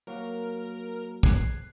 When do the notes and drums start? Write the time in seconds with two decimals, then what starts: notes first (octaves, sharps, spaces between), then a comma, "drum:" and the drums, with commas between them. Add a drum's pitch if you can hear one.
0.07 F#3 A#3 F#4 A#4
1.23 F#6 G#6 C7, drum: kick